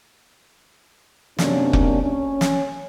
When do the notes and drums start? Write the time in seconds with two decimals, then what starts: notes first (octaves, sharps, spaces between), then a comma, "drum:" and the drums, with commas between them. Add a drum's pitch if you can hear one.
1.39 F#2 C3 A#3 C#4 D4, drum: snare
1.73 drum: kick F1
2.02 C#4
2.41 drum: snare